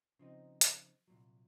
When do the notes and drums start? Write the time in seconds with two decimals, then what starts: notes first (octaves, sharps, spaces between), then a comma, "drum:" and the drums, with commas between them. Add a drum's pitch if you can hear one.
0.19 C#3 F3 C4 D#4
0.61 drum: hi-hat
1.08 C2 A#2 F#3